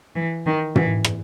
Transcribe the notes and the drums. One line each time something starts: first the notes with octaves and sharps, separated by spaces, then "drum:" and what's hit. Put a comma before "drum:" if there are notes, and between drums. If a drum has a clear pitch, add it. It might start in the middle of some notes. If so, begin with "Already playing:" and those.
E3
D#3
E3, drum: tom
drum: rim click